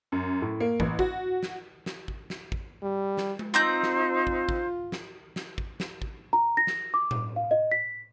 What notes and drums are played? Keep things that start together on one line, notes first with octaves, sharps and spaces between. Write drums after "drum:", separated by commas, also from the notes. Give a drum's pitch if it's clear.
F#2
A2
A#3
A1, drum: kick
F#4, drum: kick
drum: snare
drum: snare
drum: kick
drum: snare
drum: kick
G3
drum: snare
drum: tom G#3
C4 D#4 F4 C5 A#5 G6
drum: snare
drum: kick
drum: kick
drum: snare
drum: snare
drum: kick
drum: snare
drum: kick
A#5
A#6
drum: snare
D6
drum: tom A2
F5
D#5
B6